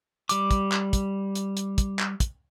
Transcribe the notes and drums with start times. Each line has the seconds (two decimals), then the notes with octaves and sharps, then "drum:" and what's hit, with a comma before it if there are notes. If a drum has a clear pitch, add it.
0.29 G3 D6, drum: hi-hat
0.51 drum: kick, hi-hat
0.72 drum: clap
0.93 drum: kick, hi-hat
1.35 drum: hi-hat
1.57 drum: hi-hat
1.78 drum: kick, hi-hat
1.99 drum: clap
2.20 drum: kick, hi-hat